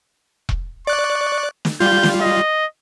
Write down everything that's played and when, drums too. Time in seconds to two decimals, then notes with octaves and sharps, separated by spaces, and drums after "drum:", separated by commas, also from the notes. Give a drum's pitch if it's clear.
0.49 drum: kick E1
0.87 D5 C#6 F#6
1.65 drum: snare
1.80 G3 F4 G6
2.03 drum: snare
2.22 D#5